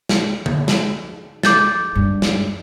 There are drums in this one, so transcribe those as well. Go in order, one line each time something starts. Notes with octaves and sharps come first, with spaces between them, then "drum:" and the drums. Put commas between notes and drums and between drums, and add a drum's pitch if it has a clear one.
drum: snare
drum: tom D3
drum: snare
D6 G6 A6, drum: snare
G2
drum: snare